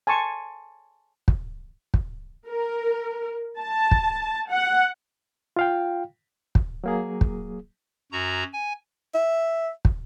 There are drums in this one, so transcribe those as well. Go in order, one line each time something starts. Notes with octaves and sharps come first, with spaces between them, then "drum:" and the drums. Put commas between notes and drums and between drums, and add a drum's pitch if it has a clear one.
G#5 A5 C6 C#6
drum: kick
drum: kick
A#4
A5
drum: kick
F#5
F4 F5 G5
drum: kick
F#3 A#3 G#4
drum: kick
F#2 F#4 A#5
G#5
E5
drum: kick